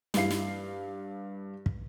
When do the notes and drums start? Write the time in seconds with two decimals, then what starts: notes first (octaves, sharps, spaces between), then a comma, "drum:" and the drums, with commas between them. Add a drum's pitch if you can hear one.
0.14 G2 E4 F5 C7, drum: snare
0.31 drum: snare
1.66 drum: kick